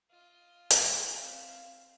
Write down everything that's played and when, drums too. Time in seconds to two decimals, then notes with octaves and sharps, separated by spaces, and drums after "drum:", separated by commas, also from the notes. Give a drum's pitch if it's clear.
0.11 F4 D#5
0.70 drum: hi-hat
1.12 C4 E5 F5